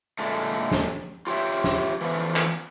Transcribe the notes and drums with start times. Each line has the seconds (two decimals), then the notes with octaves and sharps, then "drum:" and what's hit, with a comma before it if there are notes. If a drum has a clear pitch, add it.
0.19 A#2 D3 G#3 A3
0.71 drum: snare
1.27 F4 G4 C#5 E5
1.64 drum: snare
2.01 E3 F3 A3 B3
2.36 drum: clap